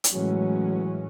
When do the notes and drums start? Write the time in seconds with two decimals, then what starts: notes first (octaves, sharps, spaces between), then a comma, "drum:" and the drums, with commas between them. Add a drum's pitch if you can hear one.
0.04 drum: hi-hat
0.13 A2 E3 F#3 G#3 C#4